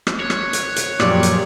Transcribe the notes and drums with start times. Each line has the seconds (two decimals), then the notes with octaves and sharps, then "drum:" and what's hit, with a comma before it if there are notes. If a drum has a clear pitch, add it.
0.07 drum: rim click
0.20 C#5 F#6
0.30 drum: rim click
0.53 drum: hi-hat
0.76 drum: hi-hat
1.00 F#2 A#2 F3 F4 G4 G#4 D5, drum: rim click
1.23 drum: hi-hat